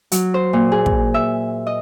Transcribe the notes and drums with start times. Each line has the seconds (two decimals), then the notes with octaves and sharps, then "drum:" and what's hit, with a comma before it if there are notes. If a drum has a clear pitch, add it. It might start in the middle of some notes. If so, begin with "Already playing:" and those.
0.12 F#3, drum: hi-hat
0.34 C5
0.53 A#2
0.72 G#4
0.86 drum: kick
1.14 E5
1.67 D#5